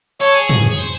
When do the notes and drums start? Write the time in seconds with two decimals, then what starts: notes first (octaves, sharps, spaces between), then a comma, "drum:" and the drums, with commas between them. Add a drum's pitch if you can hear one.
0.21 A4 C#5
0.34 G#4
0.49 G#4, drum: tom
0.71 C#5
0.79 C5